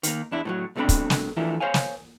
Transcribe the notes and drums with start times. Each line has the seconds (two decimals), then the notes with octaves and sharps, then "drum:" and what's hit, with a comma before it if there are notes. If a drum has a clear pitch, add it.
0.03 D#3 A#3, drum: hi-hat
0.31 E2 D4 E4
0.45 A2 E3 F#3
0.76 C2 B2 A3 C4 D4 B5
0.89 drum: kick, hi-hat
1.10 drum: snare
1.37 E3 F3 A3 D4 E4 A#4
1.60 C5 C#5 F5 G#5
1.74 drum: snare